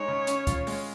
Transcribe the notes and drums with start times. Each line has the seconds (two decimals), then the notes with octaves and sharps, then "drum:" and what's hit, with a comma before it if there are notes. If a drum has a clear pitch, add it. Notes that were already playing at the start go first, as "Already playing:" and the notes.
Already playing: G#3 D#4 C#5
0.08 C#3
0.27 C#4, drum: hi-hat
0.47 F4, drum: kick C#2, hi-hat
0.67 G#3, drum: open hi-hat